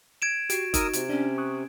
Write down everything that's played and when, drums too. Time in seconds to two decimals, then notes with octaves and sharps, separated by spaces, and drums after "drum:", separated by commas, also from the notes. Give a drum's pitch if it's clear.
0.22 G#6 D7 E7
0.50 F#4 G4 C7 D7, drum: hi-hat
0.74 D#4 A#4 D#6 E6, drum: kick, hi-hat
0.93 C3, drum: hi-hat
1.09 C#4 D4
1.38 C#6 D#6 F#6